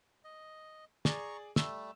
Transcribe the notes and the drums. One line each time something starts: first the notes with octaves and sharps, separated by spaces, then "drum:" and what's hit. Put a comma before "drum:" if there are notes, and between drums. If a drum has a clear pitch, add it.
D#5
G#4 D5 A#5 C#6, drum: snare
G3 A3 E6, drum: snare